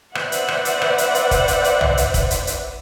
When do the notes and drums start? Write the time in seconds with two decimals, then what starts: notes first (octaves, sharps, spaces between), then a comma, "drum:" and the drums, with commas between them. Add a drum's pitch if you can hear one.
0.15 B4 C5 D5 E5 F#5, drum: rim click
0.32 drum: hi-hat
0.48 drum: rim click
0.65 drum: hi-hat
0.82 drum: rim click
0.98 drum: hi-hat
1.15 drum: hi-hat
1.31 drum: kick, hi-hat
1.48 drum: hi-hat
1.64 drum: hi-hat
1.81 drum: tom
1.97 drum: hi-hat
2.14 drum: kick, hi-hat
2.31 drum: hi-hat
2.47 drum: hi-hat